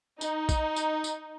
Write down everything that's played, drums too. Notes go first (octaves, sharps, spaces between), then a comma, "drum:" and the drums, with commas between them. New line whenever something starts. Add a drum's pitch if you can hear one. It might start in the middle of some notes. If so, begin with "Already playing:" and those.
D#4, drum: tambourine
drum: kick A#1, tambourine
drum: tambourine
drum: tambourine